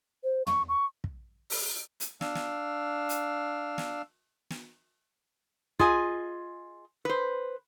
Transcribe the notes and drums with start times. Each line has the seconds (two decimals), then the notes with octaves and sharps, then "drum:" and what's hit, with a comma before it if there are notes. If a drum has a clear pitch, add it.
0.24 C5
0.47 C#6, drum: tom
0.69 C#6
1.04 drum: kick
1.50 drum: open hi-hat
2.00 drum: hi-hat
2.21 D4 F5 E6, drum: snare
2.35 drum: snare
3.09 drum: hi-hat
3.78 drum: snare
4.50 drum: snare
5.79 F4 G#4 D#5 G#5, drum: kick
7.05 B4 C5